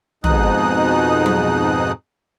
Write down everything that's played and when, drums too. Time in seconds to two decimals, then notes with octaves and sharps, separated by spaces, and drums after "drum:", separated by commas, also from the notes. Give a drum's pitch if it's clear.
0.24 F2 G#2 B2 D#4 D#6 F#6, drum: tom
1.26 drum: tom F#3